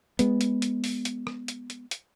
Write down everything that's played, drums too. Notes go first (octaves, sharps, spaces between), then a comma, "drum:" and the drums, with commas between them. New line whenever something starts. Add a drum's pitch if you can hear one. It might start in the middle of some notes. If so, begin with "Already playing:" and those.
G#3 B3, drum: hi-hat
drum: hi-hat
drum: hi-hat
drum: open hi-hat
drum: hi-hat
drum: rim click
drum: hi-hat
drum: hi-hat
drum: hi-hat